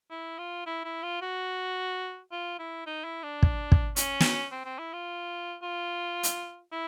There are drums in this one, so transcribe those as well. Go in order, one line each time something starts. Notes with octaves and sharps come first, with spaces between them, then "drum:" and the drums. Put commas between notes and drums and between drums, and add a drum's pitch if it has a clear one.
E4
F4
E4
E4
F4
F#4
F4
E4
D#4
E4
D4
drum: kick
drum: kick
C#4, drum: hi-hat
drum: snare
C4
C4
E4
F4
F4
drum: hi-hat
E4